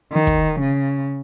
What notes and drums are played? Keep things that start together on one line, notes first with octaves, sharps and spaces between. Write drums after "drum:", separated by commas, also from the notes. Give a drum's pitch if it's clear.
D#3
drum: kick
C#3